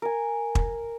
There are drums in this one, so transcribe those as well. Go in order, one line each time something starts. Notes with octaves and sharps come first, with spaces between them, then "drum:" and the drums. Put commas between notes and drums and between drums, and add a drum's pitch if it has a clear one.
A#4 G#5
drum: kick